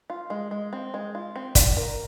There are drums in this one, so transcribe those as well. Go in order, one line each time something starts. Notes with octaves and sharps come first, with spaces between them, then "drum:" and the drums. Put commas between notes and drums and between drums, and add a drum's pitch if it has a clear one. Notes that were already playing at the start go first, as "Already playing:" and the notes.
F4
G#3
G#3
C4
G#3
F4
C4
D5, drum: kick, hi-hat
A#4